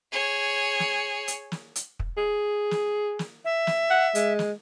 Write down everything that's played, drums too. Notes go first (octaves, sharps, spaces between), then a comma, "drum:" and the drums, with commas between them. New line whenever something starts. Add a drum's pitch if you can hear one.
G#4 C#5
drum: snare
drum: hi-hat
drum: snare
drum: hi-hat
drum: kick
G#4
drum: snare
drum: snare
E5
drum: snare
F#5
G#3, drum: hi-hat
drum: snare